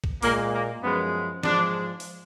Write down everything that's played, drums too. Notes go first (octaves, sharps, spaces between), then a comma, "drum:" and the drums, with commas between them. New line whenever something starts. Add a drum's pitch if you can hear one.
drum: kick
A#2 G#3 A#3, drum: open hi-hat
A#3
F#2 F3 G#3 B3
G#2 F3 G#3 D4, drum: snare
drum: open hi-hat